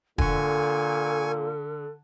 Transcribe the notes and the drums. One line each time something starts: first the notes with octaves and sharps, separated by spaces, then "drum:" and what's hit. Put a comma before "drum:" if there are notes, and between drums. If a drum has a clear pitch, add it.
A#2 D3 A4 G#5 C#6, drum: kick E1